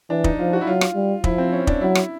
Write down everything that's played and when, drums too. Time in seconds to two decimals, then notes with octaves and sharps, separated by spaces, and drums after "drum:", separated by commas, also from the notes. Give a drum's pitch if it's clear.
0.10 E3 D4
0.24 D#4, drum: kick
0.38 F3 F4
0.53 F#4
0.61 E4
0.66 F#3 F4
0.81 drum: rim click
0.95 G3
1.24 F3 E4, drum: kick
1.38 C4
1.53 C#4
1.67 D4, drum: kick
1.81 F#3 E4
1.95 drum: rim click